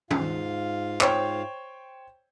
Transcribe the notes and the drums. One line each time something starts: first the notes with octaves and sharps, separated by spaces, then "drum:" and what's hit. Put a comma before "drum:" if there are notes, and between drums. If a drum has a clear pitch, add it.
G#2 F4 F5, drum: tom
C5 C#5 G5, drum: clap